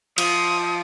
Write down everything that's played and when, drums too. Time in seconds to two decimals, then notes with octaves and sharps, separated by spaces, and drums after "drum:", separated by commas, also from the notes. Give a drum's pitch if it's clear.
0.18 F3 D#6, drum: cymbal